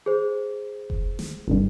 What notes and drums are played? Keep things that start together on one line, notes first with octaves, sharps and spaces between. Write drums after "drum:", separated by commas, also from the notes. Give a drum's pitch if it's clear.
G#4 C5
drum: kick F1
drum: snare
G1 C2 G2